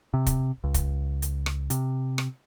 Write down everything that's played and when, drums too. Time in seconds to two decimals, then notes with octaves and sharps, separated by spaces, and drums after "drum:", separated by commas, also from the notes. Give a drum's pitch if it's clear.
0.14 C3
0.26 drum: kick, hi-hat
0.64 C#2
0.74 drum: kick, hi-hat
1.22 drum: hi-hat
1.46 drum: rim click
1.70 C3, drum: hi-hat
2.18 drum: rim click